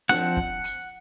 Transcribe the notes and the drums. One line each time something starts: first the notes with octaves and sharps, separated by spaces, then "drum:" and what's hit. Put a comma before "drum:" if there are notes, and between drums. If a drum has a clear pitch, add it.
F3 C4 F#5, drum: snare D4
drum: kick
drum: hi-hat